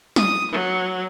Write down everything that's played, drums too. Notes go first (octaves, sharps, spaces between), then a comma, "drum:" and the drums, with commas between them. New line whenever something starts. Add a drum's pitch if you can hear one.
D#6, drum: snare
F#3